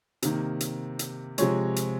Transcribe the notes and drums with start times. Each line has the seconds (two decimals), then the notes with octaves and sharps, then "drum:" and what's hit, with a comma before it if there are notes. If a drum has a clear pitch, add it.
0.22 C3 D#3 A#3, drum: hi-hat
0.60 drum: hi-hat
0.99 drum: hi-hat
1.38 C3 F3 G#3 C#5, drum: hi-hat
1.76 drum: hi-hat